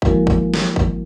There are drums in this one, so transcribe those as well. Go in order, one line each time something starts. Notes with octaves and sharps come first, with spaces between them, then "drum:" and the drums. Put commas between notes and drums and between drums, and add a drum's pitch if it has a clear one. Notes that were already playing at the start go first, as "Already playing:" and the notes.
F3 G#3 A#3 E4 F#4 A#4, drum: kick G1
drum: kick G1
drum: snare
drum: kick G1